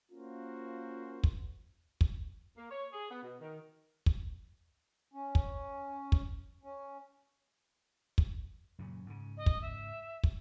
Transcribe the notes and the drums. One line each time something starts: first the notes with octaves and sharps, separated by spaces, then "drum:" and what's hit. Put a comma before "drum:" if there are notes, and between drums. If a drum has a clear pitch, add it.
A#3 C#4 F4 F#4 A#4 C5
drum: kick
drum: kick
A#3
C#5
G#4
B3
B2
D#3
drum: kick
C#4
drum: kick
drum: kick
C#4
drum: kick
F#2 A#2 C#3
G#2 C#3
D#5
drum: kick
E5
drum: kick